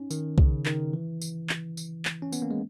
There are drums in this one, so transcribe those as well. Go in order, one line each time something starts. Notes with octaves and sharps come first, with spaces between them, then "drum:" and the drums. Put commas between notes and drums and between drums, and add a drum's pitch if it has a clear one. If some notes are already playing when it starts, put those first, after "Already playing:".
Already playing: C#4 D#4
D#3, drum: tambourine
C#3, drum: kick
D#3, drum: clap
E3
drum: tambourine
drum: clap
drum: tambourine
drum: clap
C#4
B3, drum: tambourine
A#3
G#3